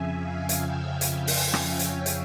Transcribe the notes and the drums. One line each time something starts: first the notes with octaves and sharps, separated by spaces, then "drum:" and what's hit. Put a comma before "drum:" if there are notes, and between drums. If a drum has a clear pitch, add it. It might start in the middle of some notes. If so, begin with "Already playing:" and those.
Already playing: F2 C#3 F3 E5 G#5
F5
drum: hi-hat
G5
F5, drum: hi-hat
drum: open hi-hat
drum: rim click
C#5, drum: hi-hat
drum: hi-hat